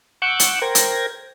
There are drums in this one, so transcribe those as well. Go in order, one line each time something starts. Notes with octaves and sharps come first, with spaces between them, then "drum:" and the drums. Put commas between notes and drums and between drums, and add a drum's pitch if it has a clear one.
F#5 C#6 D6 E6 F#6 G6
drum: hi-hat
A#4 C5 G5 G#6 A#6
drum: hi-hat